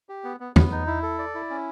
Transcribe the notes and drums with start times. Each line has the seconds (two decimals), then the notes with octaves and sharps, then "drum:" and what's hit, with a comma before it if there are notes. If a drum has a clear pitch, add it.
0.09 G4
0.24 B3
0.40 B3
0.56 B3, drum: tom E2
0.72 D#4
0.87 E4
1.03 A4
1.19 D5
1.35 E4
1.50 C#4